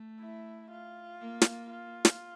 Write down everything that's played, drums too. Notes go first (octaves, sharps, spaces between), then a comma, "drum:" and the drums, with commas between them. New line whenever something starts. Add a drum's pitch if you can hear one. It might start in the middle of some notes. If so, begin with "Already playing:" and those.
Already playing: A3
E4
F4
A#3
drum: snare
F4
drum: snare